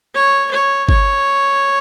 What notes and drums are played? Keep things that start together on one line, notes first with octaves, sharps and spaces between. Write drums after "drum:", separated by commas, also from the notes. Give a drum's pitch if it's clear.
C#5
C#5
C#5, drum: kick G1